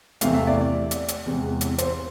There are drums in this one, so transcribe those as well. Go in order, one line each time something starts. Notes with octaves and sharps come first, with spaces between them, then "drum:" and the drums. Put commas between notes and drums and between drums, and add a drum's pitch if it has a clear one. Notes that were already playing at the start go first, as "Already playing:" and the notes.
E2 C3 E3 A3 F5, drum: hi-hat
E5
D5
D5
drum: hi-hat
drum: hi-hat
E2 C3 G#3
drum: hi-hat
C5, drum: hi-hat